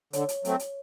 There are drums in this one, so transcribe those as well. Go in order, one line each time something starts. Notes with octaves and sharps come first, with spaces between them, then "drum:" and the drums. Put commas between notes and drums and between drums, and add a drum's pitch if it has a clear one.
D3 C#5, drum: hi-hat
drum: hi-hat
F#3 A3 C4, drum: hi-hat
drum: hi-hat